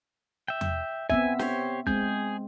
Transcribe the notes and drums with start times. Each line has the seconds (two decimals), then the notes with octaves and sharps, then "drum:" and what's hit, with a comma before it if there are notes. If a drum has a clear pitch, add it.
0.48 E5 G5
0.61 drum: tom E2
1.10 B3 C4 E5 G#5, drum: kick
1.39 G4 C5 C#5, drum: snare
1.87 G#3 C4 G#4 G#5 G6, drum: kick